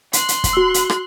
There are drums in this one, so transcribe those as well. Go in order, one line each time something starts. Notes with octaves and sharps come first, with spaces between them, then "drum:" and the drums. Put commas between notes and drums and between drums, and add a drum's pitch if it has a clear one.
C6 F#6, drum: hi-hat
drum: hi-hat
drum: kick, hi-hat
F#4 E6
drum: hi-hat
drum: rim click